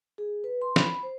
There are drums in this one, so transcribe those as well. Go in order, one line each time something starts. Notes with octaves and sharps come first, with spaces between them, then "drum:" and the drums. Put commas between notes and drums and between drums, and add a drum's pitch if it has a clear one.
G#4
B4
C6
B5, drum: snare
C5